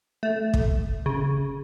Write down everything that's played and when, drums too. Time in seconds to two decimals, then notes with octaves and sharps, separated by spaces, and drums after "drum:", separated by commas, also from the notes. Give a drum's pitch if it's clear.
0.23 A3
0.54 drum: kick
1.06 C#3